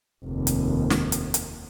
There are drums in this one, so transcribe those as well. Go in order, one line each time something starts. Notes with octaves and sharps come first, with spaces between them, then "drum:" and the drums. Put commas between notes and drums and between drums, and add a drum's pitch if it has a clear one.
F1 D#2
drum: hi-hat
drum: snare
drum: hi-hat
drum: hi-hat